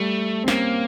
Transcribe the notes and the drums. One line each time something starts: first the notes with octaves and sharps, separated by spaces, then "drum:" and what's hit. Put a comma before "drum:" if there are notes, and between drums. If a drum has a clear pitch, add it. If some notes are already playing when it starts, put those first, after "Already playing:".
Already playing: G3 A3
C4
A#3 C#4, drum: snare